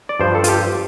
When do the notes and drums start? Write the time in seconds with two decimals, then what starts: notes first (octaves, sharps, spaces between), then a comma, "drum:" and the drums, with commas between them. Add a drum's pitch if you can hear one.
0.09 D5
0.20 G2 F3 C5
0.35 A4
0.44 F4, drum: hi-hat
0.49 G4